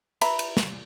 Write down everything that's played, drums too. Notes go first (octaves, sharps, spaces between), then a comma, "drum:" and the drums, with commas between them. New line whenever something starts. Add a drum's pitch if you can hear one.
B4 E5 A#5 B5, drum: cymbal
drum: cymbal
drum: snare